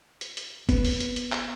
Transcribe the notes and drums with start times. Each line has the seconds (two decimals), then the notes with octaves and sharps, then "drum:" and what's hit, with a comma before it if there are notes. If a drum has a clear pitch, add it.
0.21 drum: hi-hat
0.37 drum: hi-hat
0.69 B3, drum: kick F#1, hi-hat
0.85 drum: open hi-hat
1.00 drum: hi-hat
1.16 drum: hi-hat
1.32 drum: clap